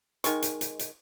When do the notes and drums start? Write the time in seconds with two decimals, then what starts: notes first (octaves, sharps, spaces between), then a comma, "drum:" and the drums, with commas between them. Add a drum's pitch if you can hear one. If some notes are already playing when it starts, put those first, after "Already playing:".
0.24 D#3 G#3 C#6, drum: hi-hat
0.42 drum: hi-hat
0.61 drum: hi-hat
0.79 drum: hi-hat